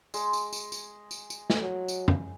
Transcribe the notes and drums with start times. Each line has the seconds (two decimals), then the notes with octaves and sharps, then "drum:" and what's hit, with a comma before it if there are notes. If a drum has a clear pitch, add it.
0.14 G#3, drum: tambourine
0.33 drum: tambourine
0.53 drum: tambourine
0.72 drum: tambourine
1.11 drum: tambourine
1.30 drum: tambourine
1.50 drum: snare
1.61 F#3
1.88 drum: tambourine
2.08 drum: tom